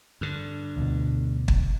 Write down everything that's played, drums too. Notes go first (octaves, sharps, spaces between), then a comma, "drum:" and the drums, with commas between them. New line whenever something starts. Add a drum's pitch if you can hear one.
G2 D3
D2 B2
drum: kick